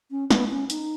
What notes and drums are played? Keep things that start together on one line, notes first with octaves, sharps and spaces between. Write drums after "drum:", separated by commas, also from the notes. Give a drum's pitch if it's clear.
C#4
B3, drum: snare
C#4
D#4, drum: hi-hat